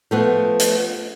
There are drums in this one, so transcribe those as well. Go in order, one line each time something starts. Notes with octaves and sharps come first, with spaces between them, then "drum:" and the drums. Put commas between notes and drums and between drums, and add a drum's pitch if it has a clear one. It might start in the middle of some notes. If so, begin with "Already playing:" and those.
F3 A3 B3
drum: hi-hat